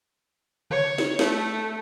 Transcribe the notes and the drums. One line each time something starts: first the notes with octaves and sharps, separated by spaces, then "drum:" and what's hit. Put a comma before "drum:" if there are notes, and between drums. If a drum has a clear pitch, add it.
C#5, drum: tom C#3
drum: snare
A3, drum: snare